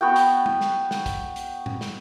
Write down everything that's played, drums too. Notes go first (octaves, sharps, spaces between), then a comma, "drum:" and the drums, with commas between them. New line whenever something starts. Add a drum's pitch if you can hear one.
B3 F#4 G5
drum: hi-hat
drum: tom
drum: snare
drum: snare
drum: kick, hi-hat
drum: hi-hat
drum: tom
drum: snare